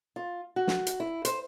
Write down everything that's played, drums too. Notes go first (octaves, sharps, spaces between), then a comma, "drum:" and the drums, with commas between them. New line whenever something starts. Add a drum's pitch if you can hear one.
F4
F#4
drum: snare
drum: hi-hat
E4
C5, drum: hi-hat